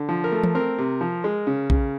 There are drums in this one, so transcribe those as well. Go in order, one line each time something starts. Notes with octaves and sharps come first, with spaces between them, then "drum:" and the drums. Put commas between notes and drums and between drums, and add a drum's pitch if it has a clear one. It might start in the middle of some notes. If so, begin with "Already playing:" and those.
Already playing: D3
F3
A#4
A3
drum: tom E3
C4 A#4
C3
F3
G#3
C#3
C#3, drum: kick